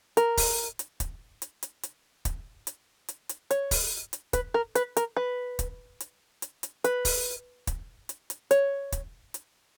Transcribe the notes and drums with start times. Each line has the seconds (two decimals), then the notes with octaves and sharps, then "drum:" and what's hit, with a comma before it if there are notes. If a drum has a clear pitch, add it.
0.17 A#4, drum: hi-hat
0.37 drum: kick, open hi-hat
0.79 drum: hi-hat
1.00 drum: kick, hi-hat
1.42 drum: hi-hat
1.63 drum: hi-hat
1.83 drum: hi-hat
2.25 drum: kick, hi-hat
2.67 drum: hi-hat
3.09 drum: hi-hat
3.29 drum: hi-hat
3.51 C#5, drum: hi-hat
3.71 drum: kick, open hi-hat
4.13 drum: hi-hat
4.33 B4, drum: kick, hi-hat
4.54 A#4
4.75 B4, drum: hi-hat
4.97 A#4, drum: hi-hat
5.17 B4
5.59 drum: kick, hi-hat
6.00 drum: hi-hat
6.42 drum: hi-hat
6.63 drum: hi-hat
6.84 B4, drum: hi-hat
7.05 drum: kick, open hi-hat
7.67 drum: kick, hi-hat
8.09 drum: hi-hat
8.30 drum: hi-hat
8.51 C#5, drum: hi-hat
8.92 drum: kick, hi-hat
9.34 drum: hi-hat